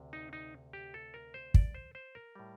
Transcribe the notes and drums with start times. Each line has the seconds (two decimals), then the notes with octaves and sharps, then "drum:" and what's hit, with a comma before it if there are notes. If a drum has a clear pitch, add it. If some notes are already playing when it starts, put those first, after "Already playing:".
Already playing: D2 C3
0.13 D#4
0.33 D#4
0.73 G4
0.94 A4
1.14 A#4
1.34 C5
1.54 D5, drum: kick
1.74 C5
1.95 C5
2.15 A#4
2.35 A2 G3